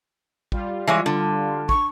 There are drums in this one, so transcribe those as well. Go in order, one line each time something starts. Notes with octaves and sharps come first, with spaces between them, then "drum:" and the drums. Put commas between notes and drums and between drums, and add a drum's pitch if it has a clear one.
G3 F4, drum: kick
E3 G#3 C#5
D3
C#6, drum: kick